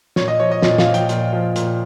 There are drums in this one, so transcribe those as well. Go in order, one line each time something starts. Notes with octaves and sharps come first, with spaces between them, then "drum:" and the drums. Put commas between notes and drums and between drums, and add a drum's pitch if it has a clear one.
A#2 C#5, drum: snare
D#5
F3 C#5
D#5
A#2 D#5, drum: snare
F5, drum: snare
F3
G5, drum: hi-hat
A#2, drum: hi-hat
F3
A#2, drum: hi-hat